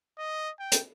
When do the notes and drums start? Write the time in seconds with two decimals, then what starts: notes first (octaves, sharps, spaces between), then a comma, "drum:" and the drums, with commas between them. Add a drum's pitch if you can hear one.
0.18 D#5
0.59 G5
0.72 drum: hi-hat